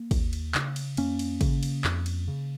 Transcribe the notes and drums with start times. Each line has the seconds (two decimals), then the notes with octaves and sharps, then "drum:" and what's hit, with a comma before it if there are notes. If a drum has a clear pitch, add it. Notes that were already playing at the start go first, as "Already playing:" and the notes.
Already playing: A#3
0.11 D#2, drum: kick, cymbal
0.33 drum: cymbal
0.55 C#3, drum: clap
0.76 drum: cymbal
0.97 F2 A#3 C#4, drum: cymbal
1.19 drum: cymbal
1.41 C#3, drum: kick, cymbal
1.63 drum: cymbal
1.84 F2, drum: clap
2.06 drum: cymbal
2.28 C#3